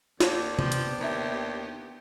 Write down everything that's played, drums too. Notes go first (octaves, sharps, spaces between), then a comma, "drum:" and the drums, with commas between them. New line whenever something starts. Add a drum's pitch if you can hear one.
D#2 D4 F4 F#4, drum: snare
F3 B3 G4, drum: tom C3
drum: hi-hat
D#2 D#3 E4 E5